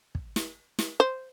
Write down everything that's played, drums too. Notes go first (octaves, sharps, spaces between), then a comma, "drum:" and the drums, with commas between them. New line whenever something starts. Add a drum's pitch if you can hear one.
drum: kick
drum: snare
drum: snare
C5